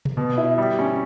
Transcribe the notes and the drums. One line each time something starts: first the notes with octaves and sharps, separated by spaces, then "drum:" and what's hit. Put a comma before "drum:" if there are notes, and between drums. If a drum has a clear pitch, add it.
drum: tom B2
B2
E4
G3
C#4